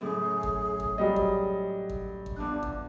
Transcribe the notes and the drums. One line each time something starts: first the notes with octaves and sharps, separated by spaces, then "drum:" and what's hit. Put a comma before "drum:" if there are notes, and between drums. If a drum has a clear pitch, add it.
F#2 A2 C#3 G#4
drum: kick G#1
drum: kick G#1
F#3 G3 D#5
drum: kick G#1
drum: kick G#1
drum: kick G#1
E2 D4 F4 F#6
drum: kick G#1